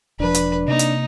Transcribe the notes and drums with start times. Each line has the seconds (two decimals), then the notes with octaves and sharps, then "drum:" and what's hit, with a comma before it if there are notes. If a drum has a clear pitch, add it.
0.20 E1 F3 D4 B4
0.34 drum: hi-hat
0.68 C3 A#3 D#4
0.79 drum: hi-hat